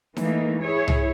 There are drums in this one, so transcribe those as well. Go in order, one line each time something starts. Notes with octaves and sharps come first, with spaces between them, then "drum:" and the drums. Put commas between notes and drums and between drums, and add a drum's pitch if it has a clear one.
E3 A3 A#3 D#4, drum: snare D#4
E4 G#4 C#5
drum: tom C2